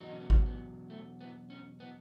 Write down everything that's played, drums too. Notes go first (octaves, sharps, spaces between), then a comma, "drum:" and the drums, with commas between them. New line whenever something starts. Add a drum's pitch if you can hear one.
E2 B2 F#3 D#4
C#4
B3
C#4, drum: kick G#1
B3
A3
B3
C#4
B3